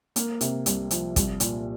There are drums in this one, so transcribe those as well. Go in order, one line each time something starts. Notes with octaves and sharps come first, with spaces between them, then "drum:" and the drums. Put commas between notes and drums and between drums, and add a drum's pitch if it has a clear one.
A#3, drum: hi-hat
C3, drum: hi-hat
C2, drum: hi-hat
F3, drum: hi-hat
C2, drum: kick, hi-hat
A#2, drum: hi-hat